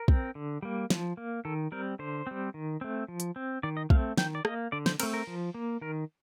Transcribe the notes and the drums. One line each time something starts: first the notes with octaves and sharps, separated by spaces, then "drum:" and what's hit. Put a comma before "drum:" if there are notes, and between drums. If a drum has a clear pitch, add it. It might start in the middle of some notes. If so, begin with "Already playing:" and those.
Already playing: A#4
C4, drum: kick
D3
G3 A#3
F3, drum: snare
A#3
D#3 A4
G3 C4 A#4
D3 C5
G3 C4
D#3
A3 C4
F3
drum: hi-hat
C4
D#3 D5
D#5
A3 C4 F5, drum: kick
D#3 G5, drum: snare
D5
A#3 D#5, drum: rim click
D3 D5
C5, drum: snare
A3 C4 A#4, drum: cymbal
A#4
F3
A#3
D#3 A#4